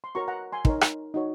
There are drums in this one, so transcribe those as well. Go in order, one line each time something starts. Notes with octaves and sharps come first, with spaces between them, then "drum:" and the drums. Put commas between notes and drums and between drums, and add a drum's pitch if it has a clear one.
C6
F#4 A#4 C#5 A#5 C#6
F#5 A#5
G#5 C6
D#4 A#4 C#5, drum: kick
drum: rim click
D#4 F#4 C#5